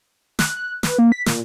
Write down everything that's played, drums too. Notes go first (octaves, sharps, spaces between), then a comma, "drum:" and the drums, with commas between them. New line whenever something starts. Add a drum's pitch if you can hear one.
F#6, drum: snare
F#6
B4, drum: snare
A#3
B6
A#2, drum: snare